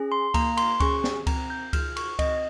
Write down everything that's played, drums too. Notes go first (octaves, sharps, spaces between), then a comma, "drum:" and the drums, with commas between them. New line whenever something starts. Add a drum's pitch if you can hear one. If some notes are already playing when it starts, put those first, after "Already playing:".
Already playing: C#4 G#4
C6
A#3 A#5, drum: kick C#2, cymbal
C6, drum: cymbal
C#4 G#4 C#6, drum: kick C#2, cymbal
drum: snare
C4 A#5, drum: kick C#2, cymbal
G6
F4 G#4 F6, drum: kick C#2, cymbal
C#6, drum: cymbal
C4 D#5, drum: kick C#2, cymbal